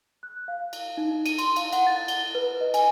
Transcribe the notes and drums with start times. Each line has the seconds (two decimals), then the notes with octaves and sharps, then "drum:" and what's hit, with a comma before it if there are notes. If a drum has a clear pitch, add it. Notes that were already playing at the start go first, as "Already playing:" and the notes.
0.23 F#6
0.48 F5
0.73 drum: cymbal
0.97 D#4
1.26 D#7, drum: cymbal
1.38 C6, drum: cymbal
1.56 F5, drum: cymbal
1.73 F#5, drum: cymbal
1.87 A6
2.08 G7, drum: cymbal
2.35 B4
2.61 D#5
2.74 G#5, drum: cymbal